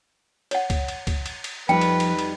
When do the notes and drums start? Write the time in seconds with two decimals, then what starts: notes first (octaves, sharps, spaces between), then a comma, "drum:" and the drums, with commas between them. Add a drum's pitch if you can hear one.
0.51 C#5 F#5, drum: cymbal
0.70 drum: kick C#2, cymbal
0.88 drum: cymbal
1.07 drum: kick C#2, cymbal
1.26 drum: cymbal
1.44 drum: cymbal
1.69 F2 F3 G3 D#4 B4 G5
1.81 drum: cymbal
2.00 drum: cymbal
2.19 drum: cymbal